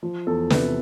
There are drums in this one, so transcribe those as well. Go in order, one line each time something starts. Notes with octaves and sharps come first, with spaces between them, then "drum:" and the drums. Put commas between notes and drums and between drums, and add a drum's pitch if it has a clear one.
F3
E2 A4
C3 B4, drum: snare